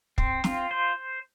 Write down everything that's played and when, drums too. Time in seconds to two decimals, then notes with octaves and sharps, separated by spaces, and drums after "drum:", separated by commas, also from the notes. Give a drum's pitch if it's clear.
0.18 C4, drum: kick
0.44 F4, drum: snare
0.71 C5